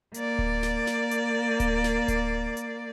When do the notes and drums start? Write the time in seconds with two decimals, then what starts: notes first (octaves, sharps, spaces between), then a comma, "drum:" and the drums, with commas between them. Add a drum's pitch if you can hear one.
0.14 A#3 D5, drum: hi-hat
0.39 drum: kick D1
0.63 drum: snare
0.87 drum: snare
1.11 drum: hi-hat
1.60 drum: kick D1, hi-hat
1.84 drum: snare
2.08 drum: kick D1, hi-hat
2.57 drum: hi-hat